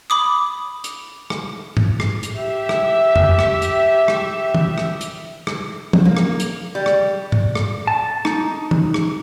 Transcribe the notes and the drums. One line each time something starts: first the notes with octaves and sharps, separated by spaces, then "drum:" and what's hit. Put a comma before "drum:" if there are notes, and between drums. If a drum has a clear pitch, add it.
B5 D6 D#6
drum: hi-hat
drum: rim click
drum: tom
drum: rim click
drum: hi-hat
G4 E5
drum: rim click
drum: tom F2
drum: rim click
drum: hi-hat
drum: rim click
drum: tom
drum: rim click
drum: hi-hat
drum: rim click
drum: tom
A#3
drum: rim click
drum: hi-hat
G3
drum: rim click
drum: tom
drum: rim click
A5
D#4, drum: rim click
drum: tom
drum: rim click